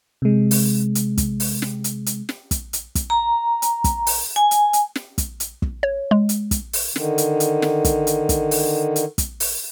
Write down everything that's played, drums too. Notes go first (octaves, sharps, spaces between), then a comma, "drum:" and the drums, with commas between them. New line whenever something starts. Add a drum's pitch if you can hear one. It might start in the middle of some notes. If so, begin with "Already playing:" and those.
C3 G#3
drum: open hi-hat
drum: hi-hat
drum: kick, hi-hat
drum: open hi-hat
drum: snare
drum: hi-hat
drum: hi-hat
drum: snare
drum: kick, hi-hat
drum: hi-hat
drum: kick, hi-hat
A#5
drum: hi-hat
drum: kick, hi-hat
drum: open hi-hat
G#5
drum: hi-hat
drum: hi-hat
drum: snare
drum: kick, hi-hat
drum: hi-hat
drum: kick
C#5
G#3
drum: hi-hat
drum: kick, hi-hat
drum: open hi-hat
D3 D#3, drum: snare
drum: hi-hat
drum: hi-hat
drum: snare
drum: kick, hi-hat
drum: hi-hat
drum: kick, hi-hat
drum: open hi-hat
drum: hi-hat
drum: kick, hi-hat
drum: open hi-hat